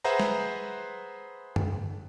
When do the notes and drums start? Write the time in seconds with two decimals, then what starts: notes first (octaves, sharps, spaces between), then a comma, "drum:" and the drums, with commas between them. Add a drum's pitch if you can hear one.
0.04 G#4 B4 C5 E5 F#5 A#5
0.19 drum: snare
1.56 drum: tom F#2